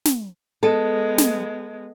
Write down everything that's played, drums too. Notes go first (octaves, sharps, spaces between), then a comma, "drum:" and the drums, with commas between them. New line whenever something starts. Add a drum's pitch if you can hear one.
drum: snare
G#3 B3 A4
drum: snare